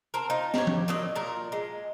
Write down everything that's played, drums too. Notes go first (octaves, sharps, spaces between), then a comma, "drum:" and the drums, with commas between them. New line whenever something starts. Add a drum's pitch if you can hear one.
C4 A#4
D#4 F4
G4 C#5, drum: snare
drum: tom F3
A#2 F#3 D#5
A#2 A#4
G#3